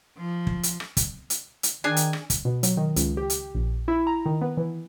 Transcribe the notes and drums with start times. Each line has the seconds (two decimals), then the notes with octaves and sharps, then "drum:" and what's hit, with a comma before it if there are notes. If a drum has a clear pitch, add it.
0.17 F3
0.47 drum: kick
0.63 drum: hi-hat
0.80 drum: rim click
0.97 drum: kick, hi-hat
1.30 drum: hi-hat
1.63 drum: hi-hat
1.84 D#3 D4 G#4 G#5
1.96 drum: hi-hat
2.13 drum: rim click
2.30 drum: kick, hi-hat
2.45 B2
2.63 F#3, drum: hi-hat
2.77 D#3
2.96 C#2, drum: hi-hat
3.17 G4
3.30 drum: hi-hat
3.55 A#1
3.88 E4
4.07 A#5
4.26 D#3
4.41 B3
4.57 E3